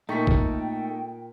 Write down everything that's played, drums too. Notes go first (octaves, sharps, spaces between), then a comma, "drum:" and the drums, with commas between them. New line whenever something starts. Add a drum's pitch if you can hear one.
A#2 A3 A#3 D#4 G5 C#6 B6
drum: kick